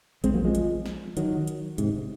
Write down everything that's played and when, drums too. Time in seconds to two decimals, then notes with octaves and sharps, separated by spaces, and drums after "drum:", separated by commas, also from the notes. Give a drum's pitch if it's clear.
0.24 G#3 C4, drum: kick A#1, hi-hat
0.34 F#3 A#3
0.44 F3 G#3
0.55 drum: hi-hat
0.86 drum: snare
1.17 D#3 F#3, drum: hi-hat
1.47 drum: hi-hat
1.78 G#2 C3, drum: hi-hat